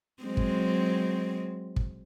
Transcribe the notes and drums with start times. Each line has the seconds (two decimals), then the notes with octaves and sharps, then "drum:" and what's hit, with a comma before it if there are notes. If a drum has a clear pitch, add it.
0.23 F#3 G#3 C4
0.37 drum: kick
1.76 drum: kick